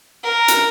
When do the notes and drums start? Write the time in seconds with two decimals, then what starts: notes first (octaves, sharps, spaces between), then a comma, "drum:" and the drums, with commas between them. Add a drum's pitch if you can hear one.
0.23 A#4
0.48 drum: hi-hat